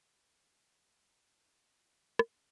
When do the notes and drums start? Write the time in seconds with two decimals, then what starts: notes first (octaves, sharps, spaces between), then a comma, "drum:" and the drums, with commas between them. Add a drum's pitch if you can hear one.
0.11 C4 B5
0.21 B3
0.32 A3 C6
0.43 B3
0.55 C4 D6
0.66 D4 D6
0.77 E4 A5
0.87 F#4 F#5
0.98 F#4 E5
1.13 D5
1.21 G4
1.27 E5
1.42 A4 F#5
1.59 A5
1.64 F#5 G5
1.86 F#5
1.97 F#5
2.09 E5
2.19 F#5, drum: rim click
2.30 D5